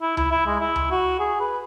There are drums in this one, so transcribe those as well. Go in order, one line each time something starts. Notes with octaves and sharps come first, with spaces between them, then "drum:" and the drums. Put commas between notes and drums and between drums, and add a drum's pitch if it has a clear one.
E4
E4, drum: tom C#2
E4
G#3
E4
drum: tom C#2
F#4
G#4
B4